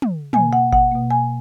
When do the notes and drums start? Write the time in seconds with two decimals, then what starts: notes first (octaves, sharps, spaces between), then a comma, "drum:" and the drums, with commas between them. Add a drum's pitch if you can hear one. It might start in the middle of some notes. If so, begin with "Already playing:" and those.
0.02 drum: tom
0.33 B2 A#3 G#5, drum: tom
0.53 F#5
0.73 F#5, drum: kick G#1
0.91 B2 A#3
1.11 G#5